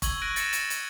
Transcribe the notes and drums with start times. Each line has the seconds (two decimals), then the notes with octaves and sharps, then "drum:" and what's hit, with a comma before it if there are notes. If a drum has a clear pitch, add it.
0.02 C#6 E6 G#6 F#7 G7, drum: kick F1, hi-hat
0.22 C#6 F#6 A#6 D7 D#7
0.36 A6 C#7 D#7 E7, drum: hi-hat
0.53 drum: hi-hat
0.70 G#6, drum: hi-hat